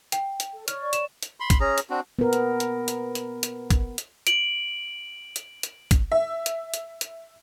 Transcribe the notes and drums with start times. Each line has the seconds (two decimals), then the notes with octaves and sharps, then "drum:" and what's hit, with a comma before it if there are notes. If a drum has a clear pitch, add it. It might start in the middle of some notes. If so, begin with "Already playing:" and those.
0.12 G5, drum: hi-hat
0.40 drum: hi-hat
0.53 A4
0.68 C#5 D5 C#6 F6, drum: hi-hat
0.93 E7, drum: hi-hat
1.23 drum: hi-hat
1.40 B5 C6
1.50 drum: kick, hi-hat
1.60 C#4 G#4 A#5
1.78 drum: hi-hat
1.90 C4 D4 F#4
2.19 B3 A#4
2.33 drum: hi-hat
2.60 drum: hi-hat
2.88 drum: hi-hat
3.15 drum: hi-hat
3.43 drum: hi-hat
3.71 drum: kick, hi-hat
3.98 drum: hi-hat
4.27 D7 F#7, drum: hi-hat
5.36 drum: hi-hat
5.63 drum: hi-hat
5.91 drum: kick, hi-hat
6.12 E5
6.46 drum: hi-hat
6.74 drum: hi-hat
7.01 drum: hi-hat